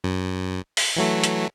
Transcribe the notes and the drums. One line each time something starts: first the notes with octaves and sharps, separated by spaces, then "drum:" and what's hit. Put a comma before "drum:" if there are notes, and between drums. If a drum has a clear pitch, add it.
F#2
drum: open hi-hat
E3 F#3 A3
drum: hi-hat